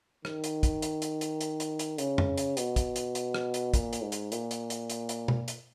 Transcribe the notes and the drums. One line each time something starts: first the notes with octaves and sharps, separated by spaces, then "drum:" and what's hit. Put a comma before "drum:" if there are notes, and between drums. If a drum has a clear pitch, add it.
D#3, drum: rim click
drum: hi-hat
drum: kick, hi-hat
drum: hi-hat
drum: hi-hat
drum: hi-hat
drum: hi-hat
drum: hi-hat
drum: hi-hat
C#3, drum: hi-hat
drum: tom F2
drum: hi-hat
B2, drum: hi-hat
drum: kick, hi-hat
drum: hi-hat
drum: hi-hat
drum: rim click
drum: hi-hat
A#2, drum: kick, hi-hat
drum: hi-hat
G#2
drum: hi-hat
A#2, drum: hi-hat
drum: hi-hat
drum: hi-hat
drum: hi-hat
drum: hi-hat
drum: tom B2
drum: hi-hat